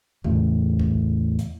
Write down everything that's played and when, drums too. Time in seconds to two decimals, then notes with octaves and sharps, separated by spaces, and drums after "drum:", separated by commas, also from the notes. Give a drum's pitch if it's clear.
0.24 E2 A2 C#3, drum: tom E2
0.79 drum: kick C2
1.39 drum: hi-hat